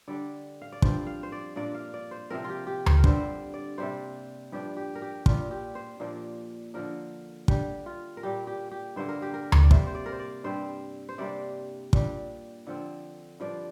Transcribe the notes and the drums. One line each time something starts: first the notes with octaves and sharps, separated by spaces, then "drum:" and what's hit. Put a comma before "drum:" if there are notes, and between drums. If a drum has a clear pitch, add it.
D3 G3 D4 D5
F5
D5
G2 F3 C4 C5, drum: kick
F5
C5
D5
A#2 A#3 D4 D5
F5
D5
C5
C3 F3 C4 A#4
F4 G4
G4
C5, drum: tom D2
A#4
G2 D3 G3 C4 C5, drum: kick
D5
C3 G3 A#3 C5
G2 F3 D4 G4
G4
A#4
G4
A#2 G3 D4 F4, drum: kick
G4
C5
A#2 F3 A#3 D4
D3 F3 D4 A#4
D3 G3 D4 G4, drum: kick
F4
A#4
A#2 G3 A#3 G4
G4
G4
G2 D3 A#3 C5
A#4
G4
A#4
drum: tom D2
D5
C3 G3 A#3 C5, drum: kick
C5
D5
A#4
C5
D5
G2 G3 C4 C5
C5
C3 G3 A#3 D4 D5
A#2 G3 D4, drum: kick
D3 F3 C4
G2 F3 D4 D5